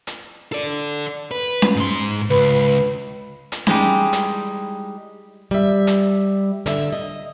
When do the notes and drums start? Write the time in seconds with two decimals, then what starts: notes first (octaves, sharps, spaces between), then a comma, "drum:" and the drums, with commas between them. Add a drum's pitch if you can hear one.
0.07 drum: hi-hat
0.52 A4 D5
1.31 B4
1.62 drum: snare C#4
1.76 G#2 C6
2.30 C#2 B4
3.52 drum: hi-hat
3.67 G3 G#3 D#4 E4, drum: snare C#4
4.13 drum: hi-hat
5.51 G3 E5
5.87 drum: hi-hat
6.66 D3 E5, drum: hi-hat
6.92 D#5